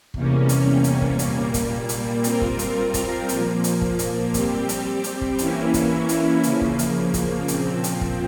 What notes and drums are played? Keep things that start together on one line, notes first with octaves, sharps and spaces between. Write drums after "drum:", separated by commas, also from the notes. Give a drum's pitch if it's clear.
E2 C3 G3 A#3 C#4, drum: kick
drum: hi-hat
drum: hi-hat
drum: kick
A#2 G3 A#3, drum: hi-hat
drum: kick, hi-hat
drum: hi-hat
G3 C4 F4 A#4, drum: hi-hat
drum: kick
drum: hi-hat
drum: kick, hi-hat
A#2 F3 A#3, drum: hi-hat
drum: hi-hat
drum: kick
drum: hi-hat
G3 C4 G4, drum: kick, hi-hat
drum: hi-hat
drum: hi-hat
drum: kick
E3 A#3 C#4 E4, drum: hi-hat
drum: kick, hi-hat
drum: hi-hat
C#3 F3 A#3, drum: hi-hat
drum: kick
drum: hi-hat
drum: kick, hi-hat
A#2 F3 C4, drum: hi-hat
drum: hi-hat
drum: kick